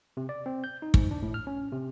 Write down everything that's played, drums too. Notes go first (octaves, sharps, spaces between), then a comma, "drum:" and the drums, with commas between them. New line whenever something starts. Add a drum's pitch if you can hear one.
C3
D5
C4
G6
D#4
G#2, drum: kick
D4
A2
F6
C#4
C3